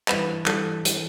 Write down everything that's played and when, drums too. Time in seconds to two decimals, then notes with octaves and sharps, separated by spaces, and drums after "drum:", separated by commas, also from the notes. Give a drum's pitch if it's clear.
0.08 G2 E3 G3 B4, drum: clap
0.46 G2 E3 G3 A4, drum: clap
0.85 E3 G3, drum: hi-hat